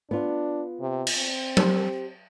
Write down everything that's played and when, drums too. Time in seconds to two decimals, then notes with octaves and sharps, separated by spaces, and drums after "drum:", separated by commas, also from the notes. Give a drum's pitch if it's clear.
0.11 B3 D4 F4
0.81 C3
1.07 drum: cymbal
1.18 C4
1.57 G4 C5, drum: tom F#3